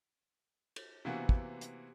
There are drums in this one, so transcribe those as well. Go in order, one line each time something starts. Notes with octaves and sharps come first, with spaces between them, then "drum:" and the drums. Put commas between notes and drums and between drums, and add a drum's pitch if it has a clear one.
drum: cymbal
C3 E3 A#3 B3 F#4
drum: kick
drum: hi-hat